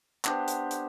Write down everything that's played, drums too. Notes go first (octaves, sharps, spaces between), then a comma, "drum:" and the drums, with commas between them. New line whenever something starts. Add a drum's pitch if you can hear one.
B3 D4 G4 C5, drum: clap
drum: hi-hat
drum: hi-hat